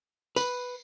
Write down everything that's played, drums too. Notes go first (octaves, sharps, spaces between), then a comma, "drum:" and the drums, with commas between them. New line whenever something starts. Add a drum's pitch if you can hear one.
B4, drum: tambourine